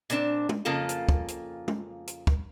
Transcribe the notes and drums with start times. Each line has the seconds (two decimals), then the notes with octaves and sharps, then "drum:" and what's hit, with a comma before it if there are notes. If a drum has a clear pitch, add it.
0.10 A#2 C4 D4, drum: hi-hat
0.49 drum: tom
0.65 F2 C#3 A#3 F4 A4 A5
0.89 drum: hi-hat
1.09 drum: kick
1.28 drum: hi-hat
1.68 drum: tom
2.07 drum: hi-hat
2.27 drum: kick